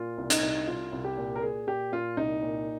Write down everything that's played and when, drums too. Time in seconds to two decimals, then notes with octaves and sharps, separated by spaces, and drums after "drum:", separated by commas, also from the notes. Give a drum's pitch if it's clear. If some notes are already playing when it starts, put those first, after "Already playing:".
Already playing: A#2 F4
0.18 C2
0.30 D#4, drum: hi-hat
0.42 C2
0.67 C2 F4
0.92 C2
1.04 G4
1.18 A#2
1.36 A#4
1.42 A#2 G#4
1.67 A#2 G4
1.92 A#2 F4
2.17 C2 D#4
2.43 A#2